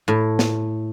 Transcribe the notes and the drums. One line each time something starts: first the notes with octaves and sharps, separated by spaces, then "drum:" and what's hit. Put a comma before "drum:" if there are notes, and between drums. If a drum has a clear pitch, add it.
A2
drum: snare